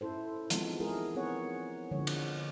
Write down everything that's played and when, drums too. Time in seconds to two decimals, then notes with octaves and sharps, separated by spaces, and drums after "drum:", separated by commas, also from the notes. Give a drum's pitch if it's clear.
0.01 C#4 E4 A4 C5
0.50 E3 F3 G#3 B3 C4 D#4, drum: hi-hat
0.79 G#3 D#4 E4 G#4 A#4
1.15 B3 C4 G#4 C#5 F#5
1.91 D3 F3 G#3 C#5
2.07 drum: cymbal